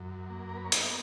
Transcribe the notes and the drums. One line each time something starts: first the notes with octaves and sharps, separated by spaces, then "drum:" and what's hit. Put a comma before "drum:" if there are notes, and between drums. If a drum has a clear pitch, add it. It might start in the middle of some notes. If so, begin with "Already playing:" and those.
Already playing: F#2
A#3
A#4
B4
C#5
B3 D#5, drum: hi-hat